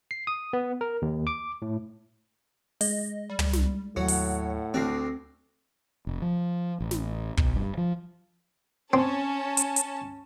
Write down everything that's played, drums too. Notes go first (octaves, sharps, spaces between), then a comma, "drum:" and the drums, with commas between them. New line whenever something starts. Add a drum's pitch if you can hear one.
C7
D#6
B3
A#4
D#2
D6
A2
G#3 D#5, drum: open hi-hat
G3
drum: tom
drum: snare
D#2 A2 F#3 F#5
drum: open hi-hat
D2 C4 D4 D6 A#6 C7
F1
F3
A1
drum: snare
B1, drum: kick
G2
F3
C4 C#4 A5
drum: hi-hat
drum: hi-hat